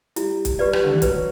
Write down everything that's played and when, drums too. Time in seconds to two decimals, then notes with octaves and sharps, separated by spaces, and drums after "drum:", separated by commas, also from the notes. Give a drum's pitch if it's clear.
0.16 G3 E4, drum: hi-hat
0.45 drum: kick, hi-hat
0.59 G3 G4 B4 D5
0.73 drum: rim click
0.84 D3
0.93 E3
1.02 F#3 B4, drum: kick, hi-hat